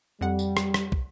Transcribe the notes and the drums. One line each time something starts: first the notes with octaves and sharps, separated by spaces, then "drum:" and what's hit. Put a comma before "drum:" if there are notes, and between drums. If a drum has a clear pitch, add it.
F2 G3 F#5
drum: tambourine
drum: rim click
drum: rim click
drum: kick